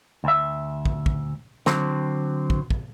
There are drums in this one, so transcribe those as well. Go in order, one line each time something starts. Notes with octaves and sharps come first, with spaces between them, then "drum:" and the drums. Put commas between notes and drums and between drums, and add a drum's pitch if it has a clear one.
D2 E5
drum: kick
drum: kick
D3 F#3 C4, drum: snare
drum: kick
drum: kick